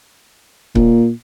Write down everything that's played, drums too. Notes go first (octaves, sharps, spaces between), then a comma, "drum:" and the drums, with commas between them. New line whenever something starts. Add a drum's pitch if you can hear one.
A#2, drum: kick C#1